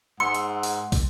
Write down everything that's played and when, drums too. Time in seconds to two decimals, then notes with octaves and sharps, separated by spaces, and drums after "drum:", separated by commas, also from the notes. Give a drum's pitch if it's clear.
0.20 G#2 F#5 C6 E6 C#7
0.35 drum: hi-hat
0.63 drum: open hi-hat
0.92 drum: kick, open hi-hat